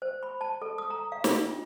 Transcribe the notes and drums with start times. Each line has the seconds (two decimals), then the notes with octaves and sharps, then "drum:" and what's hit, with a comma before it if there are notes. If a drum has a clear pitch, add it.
0.02 C5
0.23 B5
0.41 A5
0.62 A4
0.78 D#6
0.90 A#5
1.12 F5
1.24 D4, drum: snare
1.47 F4